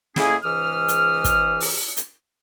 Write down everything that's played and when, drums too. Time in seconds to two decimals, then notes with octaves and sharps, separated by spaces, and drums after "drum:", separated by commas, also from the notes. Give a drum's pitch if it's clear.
0.16 A2 G#3 A#3 C#4 E4 G#4, drum: snare
0.44 C#2 G#2 E3 D#6 F6
0.88 drum: hi-hat
1.24 drum: kick, hi-hat
1.60 drum: open hi-hat
1.96 drum: hi-hat